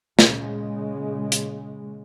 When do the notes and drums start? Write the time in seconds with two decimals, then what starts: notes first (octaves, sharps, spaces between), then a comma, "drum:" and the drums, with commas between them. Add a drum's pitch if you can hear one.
0.19 A#2 C#3 G#3, drum: snare
1.32 drum: hi-hat